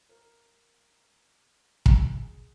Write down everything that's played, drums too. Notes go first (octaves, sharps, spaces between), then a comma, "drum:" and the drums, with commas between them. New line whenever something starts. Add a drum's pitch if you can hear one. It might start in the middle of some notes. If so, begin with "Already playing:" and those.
A#4
drum: kick
G#4